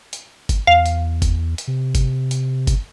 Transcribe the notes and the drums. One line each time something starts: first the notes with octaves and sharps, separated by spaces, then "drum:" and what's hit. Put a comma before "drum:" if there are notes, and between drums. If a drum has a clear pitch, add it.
drum: hi-hat
drum: kick G1, hi-hat
E2 F5
drum: hi-hat
drum: kick G1, hi-hat
drum: hi-hat
C3
drum: kick G1, hi-hat
drum: hi-hat
drum: kick G1, hi-hat